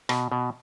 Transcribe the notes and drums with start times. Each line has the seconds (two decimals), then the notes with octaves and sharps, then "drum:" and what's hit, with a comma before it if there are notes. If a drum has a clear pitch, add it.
0.09 B2, drum: rim click
0.32 B2